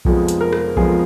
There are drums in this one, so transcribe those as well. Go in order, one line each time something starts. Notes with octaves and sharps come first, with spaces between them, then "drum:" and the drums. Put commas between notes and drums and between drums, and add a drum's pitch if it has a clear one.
F1 F2 F3 G#3 B3, drum: kick B1
drum: hi-hat
A#4
drum: rim click
F1 F2 F3 G#3 B3 G#4, drum: kick B1